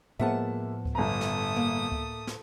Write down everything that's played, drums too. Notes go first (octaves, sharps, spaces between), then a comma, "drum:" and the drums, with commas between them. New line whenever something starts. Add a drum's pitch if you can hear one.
A2 F3 G#3 A#3 B3 E5 F#5 A5
drum: kick C#2
G1 A3 A#5 D#6
drum: snare
A#3
drum: kick C#2
drum: snare